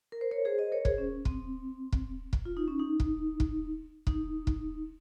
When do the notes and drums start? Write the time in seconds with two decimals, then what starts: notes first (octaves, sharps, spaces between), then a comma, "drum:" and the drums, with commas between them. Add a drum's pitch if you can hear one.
0.12 A#4
0.21 C5
0.31 A#4 C#5
0.45 G#4 C5
0.58 C5 D#5
0.72 A#4 C#5
0.85 G#4 C5, drum: kick
0.98 C#4
1.25 C4, drum: kick
1.92 drum: kick
2.33 drum: kick
2.45 F4
2.57 D#4
2.68 C#4
2.79 D#4
3.00 drum: kick
3.40 drum: kick
4.07 D#4, drum: kick
4.47 drum: kick